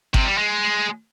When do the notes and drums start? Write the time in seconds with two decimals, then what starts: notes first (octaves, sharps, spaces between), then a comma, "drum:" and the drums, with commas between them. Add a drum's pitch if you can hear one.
0.14 C3, drum: kick G1
0.25 G3
0.38 G#3